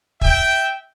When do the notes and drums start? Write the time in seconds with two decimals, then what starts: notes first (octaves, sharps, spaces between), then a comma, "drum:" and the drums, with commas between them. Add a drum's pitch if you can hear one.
0.21 E5 G5, drum: kick